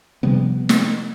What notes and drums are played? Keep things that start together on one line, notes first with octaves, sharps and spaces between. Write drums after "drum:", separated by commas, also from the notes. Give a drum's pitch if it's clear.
C3 F3 G3 B3
drum: snare